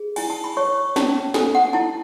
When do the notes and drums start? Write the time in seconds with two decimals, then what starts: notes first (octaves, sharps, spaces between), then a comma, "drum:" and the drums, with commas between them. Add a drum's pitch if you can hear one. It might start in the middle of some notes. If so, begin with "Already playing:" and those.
Already playing: G#4
0.16 E4 G#5, drum: cymbal
0.30 A5
0.44 B5
0.57 C#5 C#6
0.96 C#4 A5, drum: snare
1.34 A4 G#5, drum: snare
1.55 F#5
1.73 E4 A5